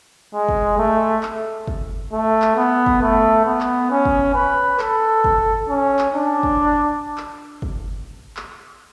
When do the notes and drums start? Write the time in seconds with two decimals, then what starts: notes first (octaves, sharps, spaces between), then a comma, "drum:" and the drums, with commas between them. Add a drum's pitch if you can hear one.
0.34 G#3
0.49 drum: kick
0.78 A3
1.23 drum: clap
1.67 drum: kick
2.13 A3
2.42 drum: clap
2.56 B3
2.86 drum: kick
3.02 A3
3.45 B3
3.61 drum: clap
3.91 C#4
4.05 drum: kick
4.35 B4
4.79 A4, drum: clap
5.24 drum: kick
5.69 C#4
5.99 drum: clap
6.14 D4
6.43 drum: kick
7.18 drum: clap
7.62 drum: kick
8.37 drum: clap